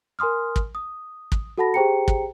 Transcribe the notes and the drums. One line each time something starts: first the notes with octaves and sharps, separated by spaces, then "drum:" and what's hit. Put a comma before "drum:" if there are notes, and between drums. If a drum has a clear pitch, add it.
A#4 G#5 C6 D#6 F6
drum: kick
D#6
drum: kick
F#4 A4 F#5 A5 B5 A#6
G4 G#4 C5 G5 A#5 C#7
drum: kick